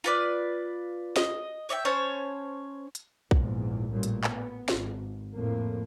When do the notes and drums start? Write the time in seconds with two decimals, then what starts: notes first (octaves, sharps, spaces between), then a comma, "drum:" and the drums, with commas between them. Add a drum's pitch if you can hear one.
0.04 F4 B4 D5
1.16 D#5, drum: snare
1.69 C#5 D5 E5 G5
1.85 C#4 C5 C#5 A5
2.95 drum: hi-hat
3.31 A#1 E2 G#2, drum: kick B1
3.91 A1 A#2 G3
4.03 drum: hi-hat
4.24 B3, drum: clap
4.68 G#1, drum: snare
5.35 F2 A2 A#3